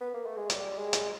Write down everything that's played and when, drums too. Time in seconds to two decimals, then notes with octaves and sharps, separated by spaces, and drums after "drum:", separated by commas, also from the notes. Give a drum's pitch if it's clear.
0.01 B3
0.14 A#3
0.26 A3
0.37 G#3
0.50 G3, drum: hi-hat
0.78 G#3
0.93 drum: hi-hat